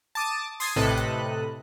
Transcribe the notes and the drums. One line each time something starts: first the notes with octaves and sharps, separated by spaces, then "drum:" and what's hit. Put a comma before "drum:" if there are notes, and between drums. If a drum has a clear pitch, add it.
A5 D6 D#6
C6 D#6 G#6 A6 C7, drum: open hi-hat
A2 C3 A4 B4 D#5 F#6, drum: tom A1
drum: hi-hat